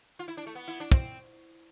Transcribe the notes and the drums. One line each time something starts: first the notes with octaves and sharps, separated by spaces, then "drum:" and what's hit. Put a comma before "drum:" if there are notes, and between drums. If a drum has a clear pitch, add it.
F4
E4
D4
A3
B3
E4
D4
C4, drum: kick